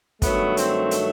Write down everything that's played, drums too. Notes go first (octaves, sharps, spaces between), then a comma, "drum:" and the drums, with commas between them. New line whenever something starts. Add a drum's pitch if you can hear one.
G2 D#3 F#3 A3 B3, drum: kick, hi-hat
C4, drum: hi-hat
drum: hi-hat